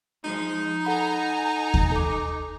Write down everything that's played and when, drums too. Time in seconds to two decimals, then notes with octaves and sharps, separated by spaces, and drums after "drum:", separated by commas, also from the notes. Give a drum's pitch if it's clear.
0.24 F3 G#3 D#4
0.85 A4 F#5 G#5 A#5 B5
1.74 drum: kick D#2
1.92 A4 D6